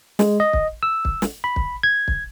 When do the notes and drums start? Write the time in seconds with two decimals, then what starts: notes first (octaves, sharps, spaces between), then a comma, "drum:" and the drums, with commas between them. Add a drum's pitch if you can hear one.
0.19 G#3, drum: snare
0.40 D#5
0.53 drum: kick
0.83 E6
1.05 drum: kick
1.22 drum: snare
1.44 B5
1.56 drum: kick
1.83 G#6
2.08 drum: kick